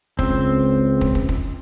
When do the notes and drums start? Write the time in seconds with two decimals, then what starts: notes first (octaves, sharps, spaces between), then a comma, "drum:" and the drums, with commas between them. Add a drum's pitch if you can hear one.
0.19 C#2 C4, drum: kick
1.01 drum: kick
1.15 drum: kick
1.29 drum: kick